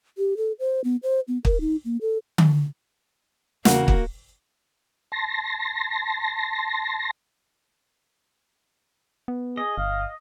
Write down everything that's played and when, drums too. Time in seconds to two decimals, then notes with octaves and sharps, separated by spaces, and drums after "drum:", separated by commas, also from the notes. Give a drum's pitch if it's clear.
0.18 G4
0.37 A4
0.60 C5
0.84 B3
1.03 C5
1.28 B3
1.45 A#4, drum: kick
1.61 D#4
1.85 A#3
2.01 A4
2.38 drum: tom D3
3.65 E2 C#3 A#3 F#4 F#5, drum: snare
3.88 drum: kick
5.12 A5 C6 A#6
9.28 B3
9.57 G#4 D#5
9.78 G1 F5